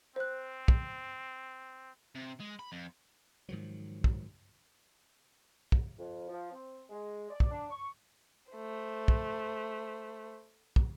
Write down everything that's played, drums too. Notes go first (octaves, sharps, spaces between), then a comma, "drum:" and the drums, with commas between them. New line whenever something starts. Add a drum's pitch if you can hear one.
C4 C5 F#6
drum: kick
C3
G#3
B5
F2
G#2 D#3 F3 F#3
drum: kick
drum: kick
F2
F3
C4
G#3
D5
drum: kick
D4
C#6
A3 C5
drum: kick
drum: kick